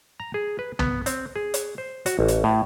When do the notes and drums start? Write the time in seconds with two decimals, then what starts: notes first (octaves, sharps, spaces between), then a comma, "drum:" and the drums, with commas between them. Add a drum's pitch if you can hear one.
0.20 A#5
0.34 G#4
0.59 B4
0.79 B3, drum: tom
1.06 C4, drum: hi-hat
1.36 G#4
1.54 drum: hi-hat
1.78 C5
2.06 F#4, drum: hi-hat
2.19 A1
2.28 drum: hi-hat
2.44 A2